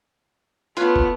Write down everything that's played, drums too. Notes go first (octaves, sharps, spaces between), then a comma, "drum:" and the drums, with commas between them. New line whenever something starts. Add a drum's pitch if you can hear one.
A3 B3 F4 B4 C#5, drum: hi-hat
drum: kick